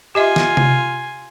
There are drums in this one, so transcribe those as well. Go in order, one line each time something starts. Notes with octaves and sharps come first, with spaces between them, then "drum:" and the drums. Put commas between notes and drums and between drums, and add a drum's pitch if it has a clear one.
F4 G4 D#5 E5 G#5
drum: snare
drum: tom C3